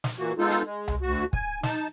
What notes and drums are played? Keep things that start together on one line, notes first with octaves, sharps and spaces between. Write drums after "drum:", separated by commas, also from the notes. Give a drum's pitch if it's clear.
drum: snare
A#2 E3 A#3 F#4
G#3 B3 D#4 F4 A4
drum: hi-hat
G#3
drum: tom C2
D2 F#4
G#5, drum: kick
D#4 A5, drum: snare